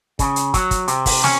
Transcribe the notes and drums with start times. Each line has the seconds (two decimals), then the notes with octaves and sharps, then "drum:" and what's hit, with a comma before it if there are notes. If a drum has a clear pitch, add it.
0.19 C#3, drum: kick, hi-hat
0.36 drum: hi-hat
0.54 F#3, drum: kick, hi-hat
0.71 drum: kick, hi-hat
0.88 C3, drum: hi-hat
1.06 drum: kick, open hi-hat
1.24 C#4, drum: snare